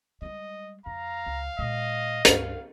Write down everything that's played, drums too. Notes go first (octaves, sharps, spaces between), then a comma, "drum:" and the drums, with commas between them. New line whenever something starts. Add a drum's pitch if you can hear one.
G3 G#3 D#5
F2 F5 A#5
C#2
A#2 G#3 D#5
C#2 G2 F5, drum: hi-hat